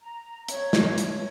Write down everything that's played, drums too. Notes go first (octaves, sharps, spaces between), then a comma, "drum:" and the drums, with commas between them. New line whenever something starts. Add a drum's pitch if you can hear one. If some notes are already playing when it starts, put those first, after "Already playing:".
A#5
C#5, drum: hi-hat
drum: snare
drum: hi-hat